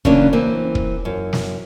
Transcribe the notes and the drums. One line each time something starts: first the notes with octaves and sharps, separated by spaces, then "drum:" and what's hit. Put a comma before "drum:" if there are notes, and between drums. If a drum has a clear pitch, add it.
C#3 E3 F#3 A#3 C#4 D4, drum: kick
E3 A#3 C4
drum: kick
F#2
drum: snare